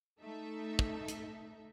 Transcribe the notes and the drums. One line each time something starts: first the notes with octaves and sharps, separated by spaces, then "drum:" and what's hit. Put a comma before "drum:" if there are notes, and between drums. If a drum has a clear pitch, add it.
A3 D#4 A4 E5
drum: kick
drum: hi-hat